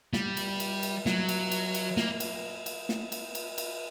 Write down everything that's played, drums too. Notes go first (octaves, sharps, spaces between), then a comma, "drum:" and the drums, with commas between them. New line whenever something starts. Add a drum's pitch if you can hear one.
G3, drum: snare
drum: cymbal
drum: cymbal
drum: cymbal
F#3, drum: snare
drum: cymbal
drum: cymbal
drum: cymbal
A#3, drum: snare
drum: cymbal
drum: cymbal
drum: snare
drum: cymbal
drum: cymbal
drum: cymbal